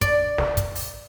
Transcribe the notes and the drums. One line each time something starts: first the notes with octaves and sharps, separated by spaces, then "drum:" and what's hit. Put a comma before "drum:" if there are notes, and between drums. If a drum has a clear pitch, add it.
D5, drum: kick, hi-hat
drum: snare
drum: kick, hi-hat
drum: open hi-hat